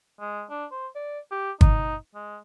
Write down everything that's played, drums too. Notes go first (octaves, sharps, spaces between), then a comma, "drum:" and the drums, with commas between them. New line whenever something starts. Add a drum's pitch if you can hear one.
G#3
D4
C5
D5
G4
D#4, drum: kick
G#3